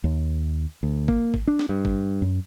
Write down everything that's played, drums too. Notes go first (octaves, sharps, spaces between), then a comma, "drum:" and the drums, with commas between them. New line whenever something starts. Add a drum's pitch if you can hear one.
D#2
D2
A#3, drum: kick
drum: kick
D4
drum: snare
G2
drum: kick
F#2